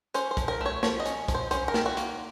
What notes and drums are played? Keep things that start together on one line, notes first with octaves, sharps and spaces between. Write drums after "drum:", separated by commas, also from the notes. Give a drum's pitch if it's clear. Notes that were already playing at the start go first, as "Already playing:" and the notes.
C#4 C5, drum: hi-hat
C5
F3, drum: kick, hi-hat
A#4
A3 C#5
F3 C#5, drum: snare
D#5
C#4, drum: hi-hat
F3, drum: kick, hi-hat
C5
C#4 C5, drum: hi-hat
A#4
D#3, drum: snare
F#4
A#3, drum: hi-hat